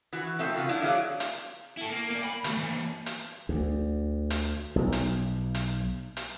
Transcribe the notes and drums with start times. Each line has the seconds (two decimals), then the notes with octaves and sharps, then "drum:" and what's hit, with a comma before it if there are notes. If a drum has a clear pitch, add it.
0.13 E3 F#4
0.39 B2 A3 C4 E5
0.54 C3 F4 F#4
0.69 F#3 D4 E4 F4
0.82 F#3 A3 G#4 D5 F5
1.20 drum: hi-hat
1.77 E4 A4
1.90 A#3
2.10 A#3 D5
2.24 B5
2.44 D2 A3, drum: hi-hat
2.57 E3 A#3
3.06 drum: hi-hat
3.49 D2
4.30 drum: hi-hat
4.76 B1
4.92 drum: hi-hat
5.55 drum: hi-hat
6.17 drum: hi-hat